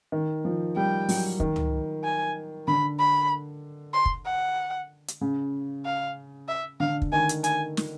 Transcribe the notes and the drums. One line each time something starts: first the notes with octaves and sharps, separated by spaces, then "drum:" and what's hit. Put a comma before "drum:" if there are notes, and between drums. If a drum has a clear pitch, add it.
D#3
F3
G3 G5
F#3, drum: open hi-hat
D#3, drum: kick
drum: tom C#2
G#5
D3 B5
B5
C6
drum: kick
F#5
drum: hi-hat
C#3
F5
E5
D3 F5
drum: kick
D#3 G#5
drum: hi-hat
G#5, drum: hi-hat
drum: snare